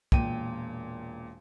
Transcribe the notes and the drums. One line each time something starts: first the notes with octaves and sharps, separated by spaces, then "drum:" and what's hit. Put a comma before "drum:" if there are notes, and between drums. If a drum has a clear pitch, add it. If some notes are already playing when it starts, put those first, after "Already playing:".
E1 A#2 G5 D#7, drum: kick